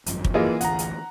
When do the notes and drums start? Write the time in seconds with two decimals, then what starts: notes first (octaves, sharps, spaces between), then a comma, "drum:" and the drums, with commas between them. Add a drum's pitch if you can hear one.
0.06 G#1 F#2 F3, drum: hi-hat
0.24 drum: kick
0.34 E3 A#3 F4 G#4 D#5
0.61 A1 D2 E3 F#5 A#5, drum: hi-hat
0.79 drum: hi-hat